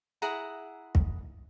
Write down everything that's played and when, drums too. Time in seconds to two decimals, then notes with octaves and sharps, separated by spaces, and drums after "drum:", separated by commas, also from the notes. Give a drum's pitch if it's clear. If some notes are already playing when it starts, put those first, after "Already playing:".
0.22 E4 G#4 F#5 A#5
0.95 drum: kick